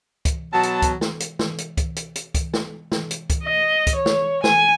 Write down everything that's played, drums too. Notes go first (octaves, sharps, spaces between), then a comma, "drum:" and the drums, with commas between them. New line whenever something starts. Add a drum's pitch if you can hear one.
drum: kick C#2, hi-hat
B2 F#3 A5
drum: hi-hat
drum: kick C#2, hi-hat
drum: snare
drum: hi-hat
drum: snare
drum: hi-hat
drum: kick C#2, hi-hat
drum: hi-hat
drum: hi-hat
drum: kick C#2, hi-hat
drum: snare
drum: snare
drum: hi-hat
drum: kick C#2, hi-hat
D#5
drum: kick C#2, hi-hat
C#5
drum: snare
G#5, drum: snare